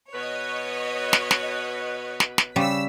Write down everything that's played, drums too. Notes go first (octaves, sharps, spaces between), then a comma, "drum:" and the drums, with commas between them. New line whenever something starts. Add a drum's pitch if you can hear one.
B2 B4 C#5 D#5
drum: snare
drum: snare
drum: snare
drum: snare
C#3 G3 C#4 E6 B6